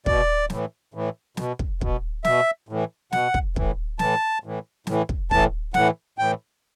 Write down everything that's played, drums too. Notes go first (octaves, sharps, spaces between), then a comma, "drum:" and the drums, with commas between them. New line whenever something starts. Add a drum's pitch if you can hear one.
B2 D5, drum: kick
A2 E3, drum: snare
A2 E3
B2, drum: snare
drum: kick
B2, drum: kick
B2 E5, drum: snare
A2 E3
B2 F#5, drum: snare
drum: kick
A2 E3, drum: kick
A2 E3 A5, drum: snare
A2 E3
A2 E3, drum: snare
drum: kick
A2 E3 A5, drum: kick
A2 E3 F#5, drum: snare
A2 E3 G5